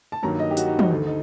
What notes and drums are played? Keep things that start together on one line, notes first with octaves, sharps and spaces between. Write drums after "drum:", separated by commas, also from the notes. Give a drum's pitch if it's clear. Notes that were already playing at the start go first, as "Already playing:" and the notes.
A5
G2 D#3 F#3 A#3 A#5
D#5
G4
F#4, drum: hi-hat
D#4
D#4, drum: tom
D2 D3 A3 D#4
D#4